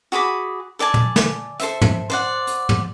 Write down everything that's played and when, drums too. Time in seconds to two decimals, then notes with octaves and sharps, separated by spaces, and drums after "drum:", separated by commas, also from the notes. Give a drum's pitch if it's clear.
0.12 F#4 G#4 B5 D6
0.79 A4 D5 G#5 A5
0.94 drum: tom
1.16 drum: snare
1.60 A4 C5 E5, drum: hi-hat
1.81 drum: tom
2.10 C5 D5 F#5
2.47 drum: hi-hat
2.69 drum: tom